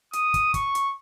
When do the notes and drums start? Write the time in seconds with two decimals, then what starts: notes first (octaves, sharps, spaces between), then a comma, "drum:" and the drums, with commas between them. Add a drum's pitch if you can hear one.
0.13 D#6, drum: hi-hat
0.34 drum: kick, hi-hat
0.54 C#6, drum: kick, hi-hat
0.75 drum: hi-hat